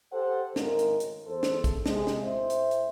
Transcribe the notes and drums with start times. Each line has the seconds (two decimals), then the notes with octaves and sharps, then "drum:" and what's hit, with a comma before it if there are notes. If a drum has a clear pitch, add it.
0.13 G4 A4 C5 F#5
0.56 G#1 A2 C#3 G#3 A#4, drum: snare
0.79 drum: hi-hat
1.00 drum: hi-hat
1.27 E2 A4 C5
1.43 drum: snare
1.64 drum: kick, hi-hat
1.86 C3 G#3, drum: snare
2.07 drum: snare
2.23 A2 C4 C5 E5
2.50 drum: hi-hat
2.71 drum: hi-hat